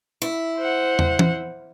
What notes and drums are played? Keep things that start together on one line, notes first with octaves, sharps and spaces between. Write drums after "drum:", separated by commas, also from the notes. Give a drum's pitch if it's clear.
E4
C5 F#5
drum: tom
drum: tom